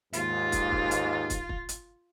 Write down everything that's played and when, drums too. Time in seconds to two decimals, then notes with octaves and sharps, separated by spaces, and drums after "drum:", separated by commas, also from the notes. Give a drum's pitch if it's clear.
0.13 D#2 G#2 F4, drum: hi-hat
0.52 drum: kick, hi-hat
0.72 drum: kick
0.91 drum: hi-hat
1.30 drum: kick, hi-hat
1.49 drum: kick
1.69 drum: hi-hat